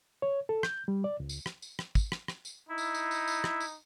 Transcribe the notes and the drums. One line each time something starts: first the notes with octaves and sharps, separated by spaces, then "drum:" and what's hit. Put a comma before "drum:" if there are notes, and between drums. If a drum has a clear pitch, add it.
C#5
A4
G6, drum: rim click
G3
D5
C#2
drum: tambourine
drum: rim click
drum: tambourine
drum: rim click
drum: kick, tambourine
drum: rim click
drum: rim click
drum: tambourine
D#4 E4
drum: tambourine
drum: tambourine
drum: tambourine
drum: tambourine
drum: rim click
drum: tambourine